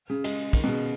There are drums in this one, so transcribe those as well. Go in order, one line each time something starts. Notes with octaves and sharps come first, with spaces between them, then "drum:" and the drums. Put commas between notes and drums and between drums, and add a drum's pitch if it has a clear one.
C#3
G#3, drum: cymbal
D#3, drum: kick, cymbal
B2
C#3